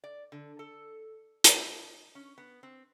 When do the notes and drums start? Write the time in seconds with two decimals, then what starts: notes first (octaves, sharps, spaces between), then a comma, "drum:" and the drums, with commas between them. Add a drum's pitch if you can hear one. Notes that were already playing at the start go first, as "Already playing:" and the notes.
0.04 D5
0.32 D3
0.59 A4
1.44 D#4, drum: hi-hat
2.15 C#4
2.38 B3
2.63 C4